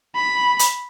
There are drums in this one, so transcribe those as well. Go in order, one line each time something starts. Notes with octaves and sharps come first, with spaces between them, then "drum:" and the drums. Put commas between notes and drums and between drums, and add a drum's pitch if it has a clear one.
B5
drum: hi-hat